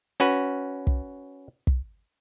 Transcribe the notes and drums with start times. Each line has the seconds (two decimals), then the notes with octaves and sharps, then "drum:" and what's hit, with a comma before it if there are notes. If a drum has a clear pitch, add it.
0.20 C#4 F#4 B4
0.87 drum: kick
1.67 drum: kick